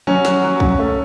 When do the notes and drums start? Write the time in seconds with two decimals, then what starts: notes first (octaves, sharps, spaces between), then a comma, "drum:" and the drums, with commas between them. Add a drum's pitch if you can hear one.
0.07 F#3 C#4
0.25 F#3, drum: snare
0.43 F#3
0.60 C#3, drum: kick B1
0.79 A3